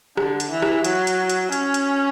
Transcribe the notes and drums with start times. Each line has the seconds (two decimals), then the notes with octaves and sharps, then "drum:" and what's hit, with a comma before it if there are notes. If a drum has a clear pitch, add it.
0.17 D3, drum: rim click
0.40 drum: hi-hat
0.51 E3
0.62 drum: rim click
0.84 F#3, drum: hi-hat
1.07 drum: hi-hat
1.30 drum: hi-hat
1.52 C#4, drum: hi-hat
1.74 drum: hi-hat